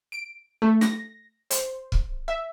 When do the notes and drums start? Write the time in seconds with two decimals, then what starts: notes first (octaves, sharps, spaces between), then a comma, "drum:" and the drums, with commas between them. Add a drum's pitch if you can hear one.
0.12 D7
0.62 A3
0.81 A#6, drum: snare
1.51 C5, drum: hi-hat
1.92 drum: kick
2.28 E5